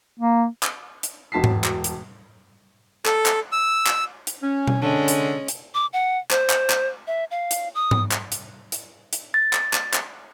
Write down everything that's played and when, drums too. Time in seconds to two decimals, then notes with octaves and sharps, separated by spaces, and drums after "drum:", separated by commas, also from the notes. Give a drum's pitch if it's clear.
0.19 A#3
0.63 drum: clap
1.03 drum: hi-hat
1.32 E1 F#4 A5 B6 C7
1.44 drum: tom G#2
1.64 drum: clap
1.84 drum: hi-hat
3.06 A4, drum: clap
3.26 drum: clap
3.52 E6
3.87 drum: clap
4.27 drum: hi-hat
4.41 C#4
4.67 drum: tom B2
4.81 D3 G#3 C#4 D4
5.08 drum: hi-hat
5.48 drum: hi-hat
5.74 D6
5.93 F#5
6.31 C5, drum: clap
6.50 drum: clap
6.70 drum: clap
7.07 E5
7.31 F5
7.51 drum: hi-hat
7.75 D#6
7.91 drum: tom G#2
8.11 drum: clap
8.32 drum: hi-hat
8.72 drum: hi-hat
9.13 drum: hi-hat
9.34 A6
9.53 drum: clap
9.73 drum: clap
9.94 drum: clap